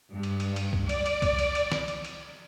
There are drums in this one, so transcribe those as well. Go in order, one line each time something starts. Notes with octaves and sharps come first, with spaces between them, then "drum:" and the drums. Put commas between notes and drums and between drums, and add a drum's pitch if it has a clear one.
G2
drum: cymbal
drum: cymbal
drum: cymbal
drum: kick C2
D5, drum: cymbal
drum: cymbal
drum: kick C2, cymbal
drum: cymbal
drum: cymbal
drum: snare
drum: cymbal
drum: cymbal